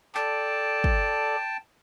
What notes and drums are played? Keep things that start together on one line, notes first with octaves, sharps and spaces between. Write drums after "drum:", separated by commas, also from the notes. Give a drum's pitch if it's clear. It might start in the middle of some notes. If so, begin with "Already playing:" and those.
A4 D5 G5 A5, drum: clap
drum: kick